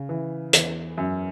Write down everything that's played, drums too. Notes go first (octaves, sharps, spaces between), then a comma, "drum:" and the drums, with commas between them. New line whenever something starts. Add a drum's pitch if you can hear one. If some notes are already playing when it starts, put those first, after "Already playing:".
Already playing: C#3
E3
E2, drum: hi-hat
F#2